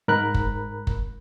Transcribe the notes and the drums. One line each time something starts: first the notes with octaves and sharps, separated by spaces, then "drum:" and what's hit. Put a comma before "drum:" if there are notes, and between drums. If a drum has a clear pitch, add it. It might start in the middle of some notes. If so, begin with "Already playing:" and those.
G#2 A#4 A#5 B5 F#6
drum: kick F#1
drum: kick F#1